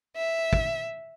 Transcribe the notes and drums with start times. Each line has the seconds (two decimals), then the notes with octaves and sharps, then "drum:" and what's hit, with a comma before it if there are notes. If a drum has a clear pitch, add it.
0.16 E5
0.53 drum: kick